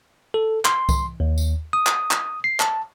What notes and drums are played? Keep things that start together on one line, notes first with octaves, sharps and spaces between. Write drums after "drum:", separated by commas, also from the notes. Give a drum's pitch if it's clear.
A4
C6, drum: clap
drum: kick C2, tambourine
D#2
drum: tambourine
D#6
drum: clap
drum: clap
C7
A5, drum: clap